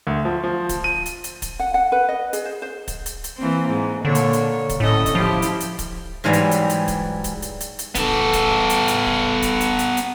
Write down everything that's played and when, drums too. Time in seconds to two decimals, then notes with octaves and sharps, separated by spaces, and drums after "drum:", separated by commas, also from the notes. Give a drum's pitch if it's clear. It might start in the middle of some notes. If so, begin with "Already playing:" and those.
0.07 D2
0.25 F3
0.44 F3
0.69 drum: kick, hi-hat
0.84 D#7
1.06 drum: hi-hat
1.24 drum: hi-hat
1.42 drum: kick, hi-hat
1.59 F#5
1.74 F#5
1.92 B4
2.09 D#5
2.33 G#4, drum: hi-hat
2.46 C5
2.62 C5
2.88 drum: kick, hi-hat
3.06 drum: hi-hat
3.24 drum: hi-hat
3.37 E3 A#3 C4
3.69 G#2
4.05 A#2 D3 C#5
4.15 drum: hi-hat
4.33 drum: hi-hat
4.69 drum: kick, hi-hat
4.80 A2 C#4 A4 D#5
5.06 drum: kick, hi-hat
5.15 F3 E4 G4
5.42 drum: hi-hat
5.60 drum: hi-hat
5.79 drum: kick, hi-hat
6.24 G#2 E3 F#3 G3 B3 A#5
6.33 drum: hi-hat
6.51 drum: hi-hat
6.70 drum: hi-hat
6.88 drum: kick, hi-hat
7.24 drum: kick, hi-hat
7.42 drum: hi-hat
7.60 drum: hi-hat
7.79 drum: hi-hat
7.95 B3 A4, drum: kick, hi-hat
8.33 drum: kick, hi-hat
8.70 drum: hi-hat
8.88 drum: hi-hat
9.06 drum: kick
9.42 drum: kick, hi-hat
9.61 drum: hi-hat
9.79 drum: hi-hat
9.97 drum: hi-hat